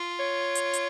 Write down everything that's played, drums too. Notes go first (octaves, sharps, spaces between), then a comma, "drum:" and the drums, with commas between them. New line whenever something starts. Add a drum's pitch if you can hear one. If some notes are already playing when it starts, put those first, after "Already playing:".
Already playing: F4
C#5
drum: hi-hat
drum: hi-hat